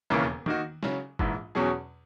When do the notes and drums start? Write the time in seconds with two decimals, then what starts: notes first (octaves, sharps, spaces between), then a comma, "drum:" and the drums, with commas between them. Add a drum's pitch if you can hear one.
0.10 E1 D#2 C#3 E3 A#3
0.46 D#3 A#3 D#4 F#4, drum: tom D#3
0.83 C#3 F#3 C#4, drum: snare
1.19 A#1 G#2 E3, drum: kick F#1
1.55 E2 B2 F#3 C#4 G#4